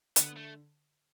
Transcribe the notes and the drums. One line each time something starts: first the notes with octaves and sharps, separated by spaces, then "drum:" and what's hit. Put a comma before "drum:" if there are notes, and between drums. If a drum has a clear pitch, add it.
D3 B3, drum: hi-hat
A3